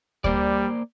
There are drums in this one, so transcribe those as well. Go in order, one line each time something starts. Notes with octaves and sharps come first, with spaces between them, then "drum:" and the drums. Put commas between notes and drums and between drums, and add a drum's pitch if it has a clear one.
G3 A#3 C5 D5, drum: kick D2